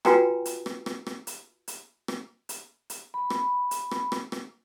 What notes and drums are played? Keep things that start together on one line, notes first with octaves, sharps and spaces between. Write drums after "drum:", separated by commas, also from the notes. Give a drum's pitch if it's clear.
F4 F#4 B4 G5 G#5 A#5, drum: rim click
drum: hi-hat
drum: rim click
drum: rim click
drum: rim click
drum: hi-hat
drum: hi-hat
drum: rim click
drum: hi-hat
drum: hi-hat
B5
drum: rim click
drum: hi-hat
drum: rim click
drum: rim click
drum: rim click